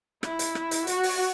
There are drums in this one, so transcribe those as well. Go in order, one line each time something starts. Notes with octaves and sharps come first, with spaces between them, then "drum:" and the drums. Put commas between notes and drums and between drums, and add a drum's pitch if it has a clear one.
E4, drum: rim click
drum: hi-hat
drum: rim click
drum: hi-hat
F#4, drum: hi-hat
drum: open hi-hat